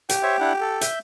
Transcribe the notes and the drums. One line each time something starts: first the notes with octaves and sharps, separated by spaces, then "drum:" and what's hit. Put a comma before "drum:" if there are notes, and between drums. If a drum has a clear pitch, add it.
G4, drum: hi-hat
C5 C#5 E5
D4 E4 F#5
A4
E5 G6, drum: hi-hat